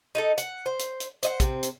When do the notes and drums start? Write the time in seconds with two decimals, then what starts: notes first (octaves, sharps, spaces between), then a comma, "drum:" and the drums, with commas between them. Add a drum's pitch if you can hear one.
0.15 D#4 F4 A4
0.38 F#5, drum: hi-hat
0.66 C5
0.79 drum: hi-hat
1.00 drum: hi-hat
1.23 C5 D#5 F#5, drum: hi-hat
1.40 C3 C4, drum: kick, hi-hat
1.63 drum: hi-hat